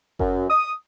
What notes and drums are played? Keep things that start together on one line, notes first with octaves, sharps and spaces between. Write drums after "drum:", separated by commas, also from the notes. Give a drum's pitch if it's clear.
F#2, drum: kick G1
D#6